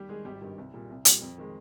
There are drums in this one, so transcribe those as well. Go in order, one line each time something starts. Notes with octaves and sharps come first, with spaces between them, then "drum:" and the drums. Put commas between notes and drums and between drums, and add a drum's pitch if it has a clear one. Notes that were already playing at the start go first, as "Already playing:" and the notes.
Already playing: D#2 G3 G4
D#3 G#3 G#4
G#1 G3 G4
G2 D#3 G3
C2
A#2 G3
C2
A#2 G3, drum: hi-hat
F2
D#3 G#3